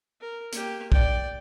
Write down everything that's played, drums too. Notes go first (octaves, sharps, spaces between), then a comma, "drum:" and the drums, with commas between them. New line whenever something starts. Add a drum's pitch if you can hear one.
A#4
A#3 G4, drum: hi-hat
D5 G5, drum: kick